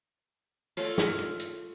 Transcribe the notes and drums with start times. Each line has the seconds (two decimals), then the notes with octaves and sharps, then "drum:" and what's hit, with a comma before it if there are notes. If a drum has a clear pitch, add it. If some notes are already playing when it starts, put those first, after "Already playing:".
0.77 A3 F4 C#5 F5, drum: open hi-hat
0.98 drum: snare
1.19 drum: hi-hat
1.39 drum: hi-hat